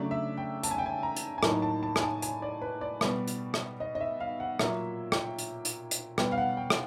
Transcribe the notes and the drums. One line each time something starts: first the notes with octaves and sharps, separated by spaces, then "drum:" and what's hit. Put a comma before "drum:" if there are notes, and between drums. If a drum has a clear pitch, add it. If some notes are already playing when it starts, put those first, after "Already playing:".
Already playing: C#3 F#3 A3 D4 D5
E5
G5
A5, drum: hi-hat
G#5
G5
G#5
A#5
drum: hi-hat
G#5
A2 F#3 A#3 D#4 A5, drum: rim click
A5
A5
G#5, drum: rim click
A5
G#5, drum: hi-hat
D5
B4
D5
B2 G3 B3, drum: rim click
drum: hi-hat
drum: rim click
D#5
D#5
E5
F5
F#5
A#2 F#3 A#3 E5, drum: rim click
G5, drum: rim click
drum: hi-hat
drum: hi-hat
drum: hi-hat
B2 G3 B3 G5, drum: rim click
F5
F#5
G5
drum: rim click